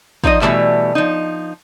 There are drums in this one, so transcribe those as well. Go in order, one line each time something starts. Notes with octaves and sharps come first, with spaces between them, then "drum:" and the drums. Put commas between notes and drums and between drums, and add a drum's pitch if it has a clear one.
F3 D#4 D5 D#5, drum: kick
B2 E3 G3 A3 E5, drum: clap
F3 D#4